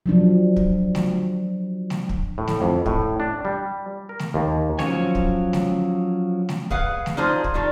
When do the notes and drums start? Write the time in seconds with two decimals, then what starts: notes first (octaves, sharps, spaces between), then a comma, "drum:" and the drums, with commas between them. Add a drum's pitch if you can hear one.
0.06 F3 F#3 D4
0.56 drum: kick
0.95 drum: snare A3
1.90 drum: snare A3
2.09 drum: kick
2.38 A2
2.48 drum: snare A3
2.61 F2
2.86 A2, drum: kick
3.20 D4
3.45 G3
4.09 A#4
4.19 drum: snare A3
4.34 D#2
4.79 F3 F#3 C#4 C#5 G#5, drum: snare A3
5.15 drum: kick
5.53 drum: snare A3
6.49 drum: snare A3
6.71 G#4 B4 F5 F#5, drum: kick
7.06 drum: snare A3
7.17 F3 D4 D#4 F4 G#4 C5
7.44 drum: kick
7.54 D#3 F3 G3 A3 D4